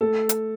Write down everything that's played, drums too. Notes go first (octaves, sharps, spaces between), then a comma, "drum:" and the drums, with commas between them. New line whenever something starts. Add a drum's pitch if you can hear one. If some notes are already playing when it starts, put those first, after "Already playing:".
A3 A4
drum: hi-hat